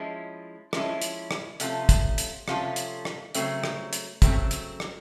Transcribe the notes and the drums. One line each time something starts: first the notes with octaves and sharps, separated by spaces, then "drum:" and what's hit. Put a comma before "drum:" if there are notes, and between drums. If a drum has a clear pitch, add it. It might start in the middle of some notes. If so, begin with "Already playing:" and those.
Already playing: F3 G#3 C#4 E4
F3 G#3 C#4 E4, drum: rim click
drum: hi-hat
drum: rim click
C3 F3 A3 C#4 F4, drum: hi-hat
drum: kick, hi-hat
drum: hi-hat
C3 F3 A3 C#4 F4, drum: rim click
drum: hi-hat
drum: rim click
C#3 F#3 A3 C4, drum: hi-hat
drum: rim click
drum: hi-hat
C#3 F#3 A3 C4, drum: kick, hi-hat
drum: hi-hat
drum: rim click